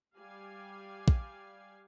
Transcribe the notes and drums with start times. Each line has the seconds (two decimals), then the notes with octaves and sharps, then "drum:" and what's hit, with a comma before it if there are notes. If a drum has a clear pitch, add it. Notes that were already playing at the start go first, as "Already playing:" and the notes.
0.19 G3 G4 D5 F5 G#5
1.08 drum: kick